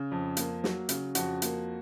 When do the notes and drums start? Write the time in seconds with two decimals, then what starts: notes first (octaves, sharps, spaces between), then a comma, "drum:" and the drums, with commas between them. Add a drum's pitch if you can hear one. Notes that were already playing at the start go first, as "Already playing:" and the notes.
Already playing: C#3
0.11 F2
0.37 A#3, drum: hi-hat
0.64 F#3, drum: snare
0.89 C#3, drum: hi-hat
1.15 F2 F#4, drum: hi-hat
1.42 A#3, drum: hi-hat